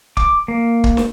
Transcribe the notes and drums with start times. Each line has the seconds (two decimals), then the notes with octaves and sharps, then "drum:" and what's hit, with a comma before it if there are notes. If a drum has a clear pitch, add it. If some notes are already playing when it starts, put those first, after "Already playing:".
0.17 D6, drum: kick
0.48 A#3
0.84 drum: kick
0.97 drum: snare